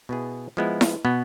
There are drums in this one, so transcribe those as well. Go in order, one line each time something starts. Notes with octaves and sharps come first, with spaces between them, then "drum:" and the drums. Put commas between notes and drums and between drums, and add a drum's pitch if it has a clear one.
B2 B3 E4 G#4
F3 G#3 B3 E4
drum: snare E4
B2 B3